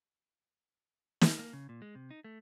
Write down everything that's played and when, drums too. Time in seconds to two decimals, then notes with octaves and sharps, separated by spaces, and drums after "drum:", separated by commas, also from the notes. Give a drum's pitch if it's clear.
1.21 drum: snare
1.39 A#3
1.53 C#3
1.69 A#2
1.82 G#3
1.95 C3
2.11 D#4
2.24 A3